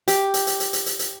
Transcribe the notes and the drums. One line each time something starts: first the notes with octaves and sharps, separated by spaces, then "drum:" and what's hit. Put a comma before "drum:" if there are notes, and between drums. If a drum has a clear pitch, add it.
G4, drum: hi-hat
drum: hi-hat
drum: hi-hat
drum: hi-hat
drum: hi-hat
drum: hi-hat
drum: hi-hat